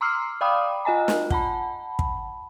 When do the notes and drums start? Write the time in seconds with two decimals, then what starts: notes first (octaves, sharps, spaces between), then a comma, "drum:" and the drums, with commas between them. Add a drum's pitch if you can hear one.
0.01 A#5 C6 D6 E6 F6 C7
0.41 D5 F5 G5 B5 D6 D#6
0.85 F4 D#5 G#5 A#5
1.08 drum: snare
1.30 F#5 A5 B5, drum: kick
1.99 drum: kick